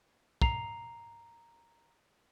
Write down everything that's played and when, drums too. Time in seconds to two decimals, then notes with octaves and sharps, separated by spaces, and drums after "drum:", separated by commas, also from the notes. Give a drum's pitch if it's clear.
0.42 A#5 C7 F7, drum: kick